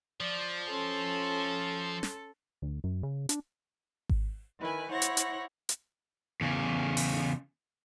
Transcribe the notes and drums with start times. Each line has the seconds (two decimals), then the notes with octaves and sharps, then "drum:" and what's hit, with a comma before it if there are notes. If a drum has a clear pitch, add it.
0.20 F3 D5
0.69 C#4 A4 C6
2.03 drum: snare
2.62 D2
2.84 F#2
3.03 C#3
3.29 D4, drum: hi-hat
4.09 drum: kick G#1
4.59 D#3 E4 B4 G#5
4.90 E4 C5 C#5 F#5 A#6
5.02 drum: hi-hat
5.17 drum: hi-hat
5.69 drum: hi-hat
6.41 E2 C#3
6.97 drum: open hi-hat